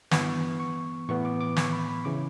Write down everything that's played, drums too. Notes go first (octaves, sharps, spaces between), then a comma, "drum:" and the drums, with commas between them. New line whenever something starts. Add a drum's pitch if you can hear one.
G2 E3 B3 C#6, drum: snare
C#6
A2 E3 B3 C#6
D6
D6
C#6, drum: snare
B5
B5
C#3 E3 D6